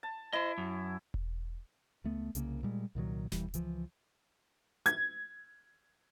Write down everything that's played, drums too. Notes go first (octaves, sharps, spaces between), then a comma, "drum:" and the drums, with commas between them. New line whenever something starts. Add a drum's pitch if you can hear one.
A5
E4 C5 D#5
F#2
drum: kick E1
C#2 A3 B3
C2 C#3 G#3 A#3, drum: hi-hat
A#2 G3 G#3
C2 A#2 D#3 F#3
D#1 E3 G3, drum: snare E1
C#2 E3 F3, drum: hi-hat
G#6, drum: hi-hat